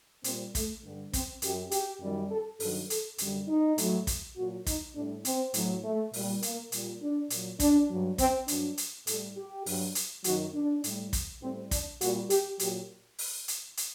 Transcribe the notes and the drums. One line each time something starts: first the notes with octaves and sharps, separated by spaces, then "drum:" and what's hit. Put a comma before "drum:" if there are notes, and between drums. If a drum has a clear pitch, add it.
A#2 G3 C4, drum: hi-hat
A3, drum: kick, hi-hat
G2 D3 G3
C4, drum: kick, hi-hat
F#2 F#3 G4, drum: hi-hat
G4, drum: hi-hat
F#2 D#3 G3
A4
G2 D#3 F#3 A4, drum: open hi-hat
A4, drum: hi-hat
F#2 D3 G3, drum: hi-hat
D#4
A2 F#3, drum: hi-hat
drum: kick, hi-hat
A#2 F#3 F#4
D#4, drum: kick, hi-hat
A2 G3 D4
C4, drum: hi-hat
A2 F#3, drum: hi-hat
A3
A#2 G3, drum: open hi-hat
A#3, drum: hi-hat
A#2 G3, drum: hi-hat
D4
A#2 F#3, drum: hi-hat
D4, drum: kick, hi-hat
G2 F#3
C4, drum: kick, hi-hat
G2 F#3 D4, drum: hi-hat
drum: hi-hat
A2 G3 A4, drum: hi-hat
G4
G2 F#3, drum: open hi-hat
drum: hi-hat
F#2 D#3 F#3 F#4, drum: hi-hat
D4
A2 G3, drum: hi-hat
drum: kick, hi-hat
A2 G3 C4
D4, drum: kick, hi-hat
A#2 G3 F#4, drum: hi-hat
G4, drum: hi-hat
A#2 F#3 G4, drum: hi-hat
drum: open hi-hat
drum: hi-hat
drum: hi-hat